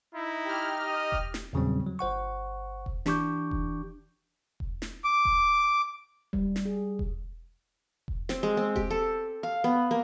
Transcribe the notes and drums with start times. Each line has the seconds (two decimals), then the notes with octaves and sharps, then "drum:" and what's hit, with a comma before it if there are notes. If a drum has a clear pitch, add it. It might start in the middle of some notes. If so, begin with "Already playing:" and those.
0.15 D#4 E4
0.45 G4 F6
0.87 D#5
1.12 drum: kick E1
1.34 drum: snare
1.53 E2 A#2 C#3 F#3 G3 C4
1.86 F#3
1.99 G1 C5 F#5 C#6
2.86 drum: kick E1
3.06 E3 D4 G4 C#6 D6 G6, drum: snare
3.51 drum: kick E1
4.60 drum: kick E1
4.82 drum: snare
5.04 D6
5.25 drum: kick E1
6.33 G3, drum: kick E1
6.56 drum: snare
6.65 G#4
6.99 drum: kick E1
8.08 drum: kick E1
8.29 C4, drum: snare
8.43 G#3
8.57 C4
8.76 G4, drum: kick E1
8.90 A4
9.43 F5
9.64 B3
9.91 A#3